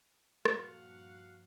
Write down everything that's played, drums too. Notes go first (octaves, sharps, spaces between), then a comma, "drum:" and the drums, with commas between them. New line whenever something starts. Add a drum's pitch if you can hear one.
G2 A#2 F3 F#4 F5 F#5, drum: rim click